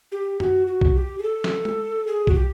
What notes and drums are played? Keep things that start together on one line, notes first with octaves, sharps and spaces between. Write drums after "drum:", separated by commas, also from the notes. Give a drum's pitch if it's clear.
G4
F#4, drum: tom F#2
F#4
drum: kick B1
G4
G#4
A4
drum: snare
drum: tom
G#4
F#4, drum: kick B1
G4